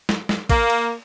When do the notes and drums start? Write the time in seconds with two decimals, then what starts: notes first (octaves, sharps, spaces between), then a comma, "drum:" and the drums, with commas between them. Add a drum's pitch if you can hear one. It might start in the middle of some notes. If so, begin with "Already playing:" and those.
0.09 drum: snare
0.29 drum: snare
0.50 A#3, drum: kick, cymbal
0.70 drum: cymbal